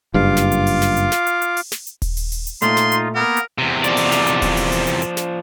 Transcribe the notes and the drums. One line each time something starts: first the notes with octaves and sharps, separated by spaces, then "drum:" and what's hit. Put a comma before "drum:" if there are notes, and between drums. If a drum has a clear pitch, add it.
F#1 G2 F4 F5 D6
drum: snare
drum: hi-hat
drum: open hi-hat
drum: snare
drum: hi-hat
drum: snare
drum: hi-hat
drum: hi-hat
drum: open hi-hat
drum: snare
drum: hi-hat
drum: kick D#1, open hi-hat
drum: open hi-hat
drum: open hi-hat
drum: hi-hat
A#2 A3 D#4 F4 C6, drum: hi-hat
drum: snare
drum: hi-hat
A#3 B3 A#4
drum: hi-hat
E2 C3
F3 D5, drum: hi-hat
drum: open hi-hat
drum: snare
drum: hi-hat
drum: kick D#1, open hi-hat
drum: open hi-hat
drum: open hi-hat
drum: hi-hat
drum: hi-hat
drum: snare